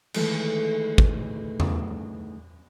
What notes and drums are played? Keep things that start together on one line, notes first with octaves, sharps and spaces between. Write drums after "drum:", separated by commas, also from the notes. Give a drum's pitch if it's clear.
D2 D#3 E3 G#3 A3 B4, drum: cymbal
drum: kick
drum: tom E2